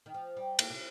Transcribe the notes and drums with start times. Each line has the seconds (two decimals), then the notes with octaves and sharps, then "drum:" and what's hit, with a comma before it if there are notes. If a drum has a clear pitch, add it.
0.06 D#3
0.14 F3
0.37 G3
0.59 A#3, drum: cymbal
0.70 C3